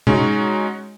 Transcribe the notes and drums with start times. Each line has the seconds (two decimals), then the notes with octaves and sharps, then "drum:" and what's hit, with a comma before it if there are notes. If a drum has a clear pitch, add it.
0.07 G#3 C#4 D#4 F#4, drum: tom B2